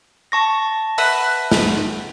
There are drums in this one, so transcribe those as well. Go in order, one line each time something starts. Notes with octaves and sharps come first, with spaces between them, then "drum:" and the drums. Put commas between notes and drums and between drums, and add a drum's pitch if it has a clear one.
A5 C#6 A#6
B4 E5 F#5, drum: open hi-hat
drum: snare